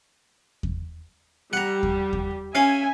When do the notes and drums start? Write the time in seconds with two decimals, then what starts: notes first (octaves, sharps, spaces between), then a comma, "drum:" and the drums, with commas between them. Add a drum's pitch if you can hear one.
0.63 drum: kick E2
1.53 G3 G4 F#5 A#5
1.83 drum: kick E2
2.13 drum: kick E2
2.55 C#4 E5 F5 G#5